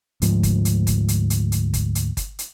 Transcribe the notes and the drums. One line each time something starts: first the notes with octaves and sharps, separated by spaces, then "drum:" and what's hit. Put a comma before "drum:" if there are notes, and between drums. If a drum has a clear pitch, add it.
D2 G#2 F3, drum: hi-hat
drum: kick G1, hi-hat
drum: hi-hat
drum: kick G1, hi-hat
drum: hi-hat
drum: hi-hat
drum: hi-hat
drum: kick G1, hi-hat
drum: hi-hat
drum: kick G1, hi-hat
drum: hi-hat